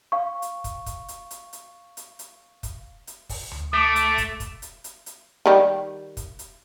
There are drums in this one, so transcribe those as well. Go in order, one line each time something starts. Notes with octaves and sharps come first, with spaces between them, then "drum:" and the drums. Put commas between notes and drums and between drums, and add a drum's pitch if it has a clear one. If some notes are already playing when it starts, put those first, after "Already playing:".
F5 C#6
drum: hi-hat
drum: kick, hi-hat
drum: kick, hi-hat
drum: hi-hat
drum: hi-hat
drum: hi-hat
drum: hi-hat
drum: hi-hat
drum: kick, hi-hat
drum: hi-hat
drum: kick, open hi-hat
drum: tom D2
A3 D6
drum: hi-hat
drum: kick, hi-hat
drum: kick, hi-hat
drum: hi-hat
drum: hi-hat
drum: hi-hat
D#3 G3
drum: kick, hi-hat
drum: hi-hat